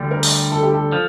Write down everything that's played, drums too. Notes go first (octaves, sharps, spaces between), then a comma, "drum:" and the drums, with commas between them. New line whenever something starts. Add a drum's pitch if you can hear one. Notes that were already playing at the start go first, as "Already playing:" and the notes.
Already playing: D2 D3 G3
A#4
drum: open hi-hat
A4
G4
A4
F3